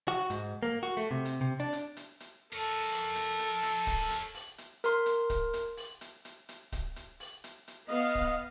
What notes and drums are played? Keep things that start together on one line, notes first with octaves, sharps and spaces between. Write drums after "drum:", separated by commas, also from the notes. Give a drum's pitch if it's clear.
F#4
G#2, drum: hi-hat
A#3
F#4
A3
C3
drum: hi-hat
C3
D4
drum: hi-hat
drum: hi-hat
drum: hi-hat
A4 A#4 C#5
drum: open hi-hat
drum: hi-hat
drum: hi-hat
drum: hi-hat
drum: kick D1, hi-hat
drum: hi-hat
drum: open hi-hat
drum: hi-hat
A#4 C6, drum: hi-hat
drum: hi-hat
drum: kick D1, hi-hat
drum: hi-hat
drum: open hi-hat
drum: hi-hat
drum: hi-hat
drum: hi-hat
drum: kick D1, hi-hat
drum: hi-hat
drum: open hi-hat
drum: hi-hat
drum: hi-hat
B3 D#5 F5
drum: kick D1